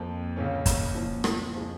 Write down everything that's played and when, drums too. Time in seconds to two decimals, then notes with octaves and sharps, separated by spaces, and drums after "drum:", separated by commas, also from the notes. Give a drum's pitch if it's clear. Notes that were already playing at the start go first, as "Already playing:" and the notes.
Already playing: F2 F3 A#3
0.36 C#2 C#3 A#3 C#4
0.66 drum: kick, hi-hat
0.94 A#2 F3 C#4
1.24 drum: rim click
1.53 F2 F3 G#3